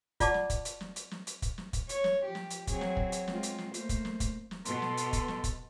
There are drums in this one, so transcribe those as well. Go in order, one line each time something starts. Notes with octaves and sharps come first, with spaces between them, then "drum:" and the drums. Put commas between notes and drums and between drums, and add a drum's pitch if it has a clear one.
F4 D5 F#5 A5 D6, drum: kick, hi-hat
drum: snare
drum: kick, hi-hat
drum: hi-hat
drum: snare
drum: hi-hat
drum: snare
drum: hi-hat
drum: kick, hi-hat
drum: snare
drum: kick, hi-hat
C#5, drum: hi-hat
drum: snare
F3 G4
drum: snare
drum: hi-hat
F#3 C4 G#4, drum: kick, hi-hat
drum: snare
drum: kick
drum: hi-hat
G#3 C4 F4, drum: snare
drum: hi-hat
drum: snare
A3 A#3 C5, drum: hi-hat
drum: kick, hi-hat
drum: snare
drum: kick, hi-hat
drum: snare
B2 A4 C6, drum: hi-hat
drum: snare
drum: hi-hat
drum: kick, hi-hat
drum: snare
drum: kick, hi-hat